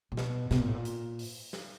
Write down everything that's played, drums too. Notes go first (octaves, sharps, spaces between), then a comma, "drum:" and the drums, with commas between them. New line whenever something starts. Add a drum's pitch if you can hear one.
A#2
B2, drum: snare
B2, drum: snare
A#2
A2
A#2
drum: hi-hat
drum: open hi-hat
drum: snare